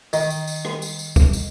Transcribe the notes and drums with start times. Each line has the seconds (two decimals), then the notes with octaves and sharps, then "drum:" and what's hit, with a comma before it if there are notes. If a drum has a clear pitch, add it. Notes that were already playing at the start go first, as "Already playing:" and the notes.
0.13 D#3, drum: tambourine
0.30 drum: tambourine
0.47 drum: tambourine
0.65 drum: rim click
0.82 drum: tambourine
0.99 drum: tambourine
1.16 drum: kick, tambourine
1.33 drum: tambourine